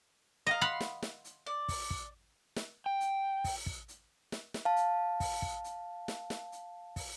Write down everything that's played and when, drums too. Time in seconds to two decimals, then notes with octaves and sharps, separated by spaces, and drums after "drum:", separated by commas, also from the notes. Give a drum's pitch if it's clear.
0.47 D#5 F5 F#5 A#5
0.61 F5 F#5 B5 C6
0.81 drum: snare
1.03 drum: snare
1.24 drum: hi-hat
1.46 D5
1.68 drum: kick, open hi-hat
1.90 drum: kick
2.56 drum: snare
2.86 G5
3.00 drum: hi-hat
3.44 drum: kick, open hi-hat
3.66 drum: kick
3.88 drum: hi-hat
4.32 drum: snare
4.54 drum: snare
4.65 F5 A5
4.76 drum: hi-hat
5.20 drum: kick, open hi-hat
5.42 drum: kick
5.64 drum: hi-hat
6.08 drum: snare
6.30 drum: snare
6.52 drum: hi-hat
6.96 drum: kick, open hi-hat